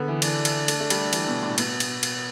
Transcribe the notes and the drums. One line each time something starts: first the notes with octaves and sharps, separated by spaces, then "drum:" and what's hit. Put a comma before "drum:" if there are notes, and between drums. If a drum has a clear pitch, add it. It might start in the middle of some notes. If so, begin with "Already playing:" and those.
Already playing: D3 B3
E3
E3 D4, drum: cymbal
drum: cymbal
A3, drum: cymbal
A3
G3, drum: cymbal
E3, drum: cymbal
B2
A2
B2 B3, drum: cymbal
drum: cymbal
drum: cymbal